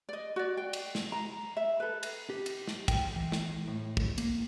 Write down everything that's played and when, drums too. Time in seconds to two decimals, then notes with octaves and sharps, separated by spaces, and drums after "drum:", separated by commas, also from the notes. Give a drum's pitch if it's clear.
0.09 D5 D#5
0.36 F#4 D5
0.57 G5
0.73 drum: cymbal
0.95 drum: snare
1.12 A#5
1.57 E5
1.80 A4 B4
2.03 drum: cymbal
2.30 G4
2.46 drum: cymbal
2.68 drum: snare
2.88 G5, drum: kick, cymbal
3.16 E3
3.32 drum: snare
3.68 A2
3.97 drum: kick
4.18 A#3, drum: cymbal